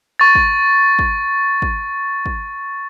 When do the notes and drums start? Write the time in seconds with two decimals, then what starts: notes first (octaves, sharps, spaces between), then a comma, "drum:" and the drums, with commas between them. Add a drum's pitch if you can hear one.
0.19 C#6 A6
0.35 drum: kick
0.99 drum: kick
1.62 drum: kick
2.26 drum: kick